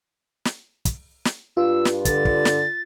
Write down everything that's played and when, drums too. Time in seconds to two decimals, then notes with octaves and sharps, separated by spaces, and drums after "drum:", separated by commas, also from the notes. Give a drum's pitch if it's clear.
0.45 drum: snare
0.85 drum: kick, hi-hat
1.25 drum: snare
1.57 G2 F4 E6
1.85 drum: snare
2.05 D3 A6, drum: kick, hi-hat
2.25 drum: kick
2.45 drum: snare